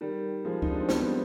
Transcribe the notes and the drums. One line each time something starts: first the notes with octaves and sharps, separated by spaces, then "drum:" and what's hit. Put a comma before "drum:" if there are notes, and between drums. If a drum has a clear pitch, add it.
D#3 G3
F3 G#3
D#4, drum: kick
D4
C4
G3 B3, drum: snare